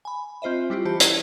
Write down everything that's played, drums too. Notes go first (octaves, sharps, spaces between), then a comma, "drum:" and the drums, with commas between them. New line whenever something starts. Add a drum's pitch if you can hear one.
G#5 B5
C4 F4 C5 D#5 E5
G3 E4 F4 G4
E3 G4 C5 A5 C#7
E4, drum: hi-hat